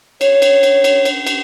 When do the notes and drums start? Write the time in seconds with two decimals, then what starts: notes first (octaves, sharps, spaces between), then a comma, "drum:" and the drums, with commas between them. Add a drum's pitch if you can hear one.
0.21 C#5, drum: cymbal
0.42 drum: cymbal
0.63 drum: cymbal
0.84 drum: cymbal
1.05 drum: cymbal
1.27 drum: cymbal